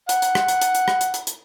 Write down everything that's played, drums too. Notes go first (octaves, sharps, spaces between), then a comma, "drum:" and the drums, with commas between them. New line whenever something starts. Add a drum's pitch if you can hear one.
F#5, drum: hi-hat
drum: hi-hat
drum: rim click
drum: hi-hat
drum: hi-hat
drum: hi-hat
drum: rim click
drum: hi-hat
drum: hi-hat
drum: hi-hat